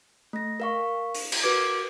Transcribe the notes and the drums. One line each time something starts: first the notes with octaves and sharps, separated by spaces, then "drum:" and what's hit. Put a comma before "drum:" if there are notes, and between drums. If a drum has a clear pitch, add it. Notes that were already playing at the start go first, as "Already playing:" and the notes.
A3 A#6
A#4 F5 C#6
drum: open hi-hat
drum: cymbal
F#4 A#4 B4 D6 G#6 D7